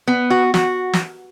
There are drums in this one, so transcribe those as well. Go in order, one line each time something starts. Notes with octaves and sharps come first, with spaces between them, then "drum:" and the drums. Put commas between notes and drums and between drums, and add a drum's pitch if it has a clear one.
B3
F#4
F#4, drum: snare
drum: snare